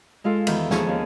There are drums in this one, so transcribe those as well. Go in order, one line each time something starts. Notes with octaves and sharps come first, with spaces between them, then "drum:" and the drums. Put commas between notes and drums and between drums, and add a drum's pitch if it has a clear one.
G#3 F4 A4
E2 D#3 E3 B3 G6, drum: cymbal
D#2 D#3 F3 G#4 A5 C#6, drum: snare
D#2 C#4